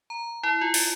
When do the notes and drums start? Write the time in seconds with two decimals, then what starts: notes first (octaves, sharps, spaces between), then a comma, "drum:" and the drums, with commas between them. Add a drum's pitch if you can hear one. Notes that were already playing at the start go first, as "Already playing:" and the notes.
0.10 A#5
0.43 E4
0.61 F4
0.74 A6, drum: open hi-hat